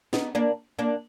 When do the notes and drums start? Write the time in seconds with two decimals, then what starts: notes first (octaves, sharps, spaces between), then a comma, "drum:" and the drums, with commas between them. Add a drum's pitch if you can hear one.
0.13 B3 D#4, drum: snare
0.35 A#3 D4
0.79 A#3 D4